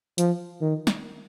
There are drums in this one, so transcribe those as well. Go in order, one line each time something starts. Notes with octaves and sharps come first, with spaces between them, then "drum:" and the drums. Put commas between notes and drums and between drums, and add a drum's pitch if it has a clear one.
F3, drum: hi-hat
D#3
drum: snare